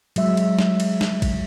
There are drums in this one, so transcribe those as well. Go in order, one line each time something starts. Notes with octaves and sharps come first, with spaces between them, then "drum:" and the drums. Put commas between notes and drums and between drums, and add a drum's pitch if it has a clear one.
F#3 G#3 E5, drum: cymbal
drum: cymbal
drum: snare
drum: cymbal
drum: snare
drum: kick A1, cymbal